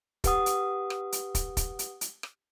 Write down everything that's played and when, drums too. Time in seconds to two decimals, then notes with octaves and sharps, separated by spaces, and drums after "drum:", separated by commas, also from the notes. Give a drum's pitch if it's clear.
0.24 G4 B4 F#5 D#6, drum: kick, hi-hat
0.46 drum: hi-hat
0.90 drum: rim click
1.12 drum: hi-hat
1.35 drum: kick, hi-hat
1.57 drum: kick, hi-hat
1.79 drum: hi-hat
2.01 drum: hi-hat
2.23 drum: rim click